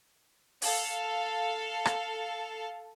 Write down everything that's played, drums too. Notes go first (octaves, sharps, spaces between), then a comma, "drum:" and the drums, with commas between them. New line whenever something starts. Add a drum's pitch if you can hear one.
A4 F5, drum: open hi-hat
drum: rim click